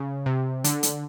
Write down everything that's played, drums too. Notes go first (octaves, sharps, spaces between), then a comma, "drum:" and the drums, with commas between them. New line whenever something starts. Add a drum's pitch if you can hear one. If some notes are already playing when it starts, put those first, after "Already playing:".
Already playing: C#3
C3
D3, drum: hi-hat
drum: hi-hat